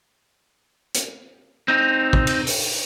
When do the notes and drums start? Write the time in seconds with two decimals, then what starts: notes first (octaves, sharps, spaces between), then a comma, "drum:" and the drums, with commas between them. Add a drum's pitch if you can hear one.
0.94 drum: hi-hat
1.68 C4 D#4
2.13 drum: kick
2.27 drum: cymbal
2.47 drum: open hi-hat